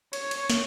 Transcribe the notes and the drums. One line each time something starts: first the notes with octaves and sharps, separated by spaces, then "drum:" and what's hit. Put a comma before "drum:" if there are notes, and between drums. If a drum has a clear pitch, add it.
C#5, drum: cymbal
drum: cymbal
drum: snare